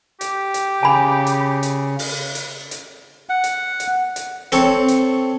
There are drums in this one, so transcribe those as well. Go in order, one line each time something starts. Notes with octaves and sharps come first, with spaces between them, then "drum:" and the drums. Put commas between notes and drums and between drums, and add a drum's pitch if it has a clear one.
G4, drum: hi-hat
drum: hi-hat
C#3 G#5 B5
drum: hi-hat
drum: hi-hat
drum: open hi-hat
drum: hi-hat
drum: hi-hat
F#5
drum: hi-hat
drum: hi-hat
drum: hi-hat
C4 A4 C#5, drum: hi-hat
drum: hi-hat